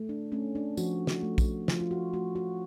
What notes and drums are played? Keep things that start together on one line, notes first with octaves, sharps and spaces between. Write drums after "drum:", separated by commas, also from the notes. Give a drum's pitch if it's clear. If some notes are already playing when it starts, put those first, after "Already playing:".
Already playing: A3
D4
A3 C#4
D4
F3 F#4, drum: tambourine
F#4, drum: snare
A3
drum: kick, tambourine
F3 F4, drum: snare
F4
F#4
A3 F#4
F#4